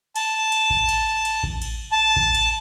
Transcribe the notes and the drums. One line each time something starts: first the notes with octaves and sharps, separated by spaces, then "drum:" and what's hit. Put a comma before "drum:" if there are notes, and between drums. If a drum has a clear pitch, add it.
A5, drum: cymbal
drum: cymbal
drum: kick A1
drum: cymbal
drum: cymbal
drum: kick A1
drum: cymbal
A5
drum: kick A1
drum: cymbal